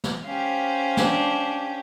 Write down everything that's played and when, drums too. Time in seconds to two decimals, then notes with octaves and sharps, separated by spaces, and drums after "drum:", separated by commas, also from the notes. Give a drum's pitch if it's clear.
0.04 drum: snare
0.24 C#4 G4 C5 F5
0.97 D4, drum: snare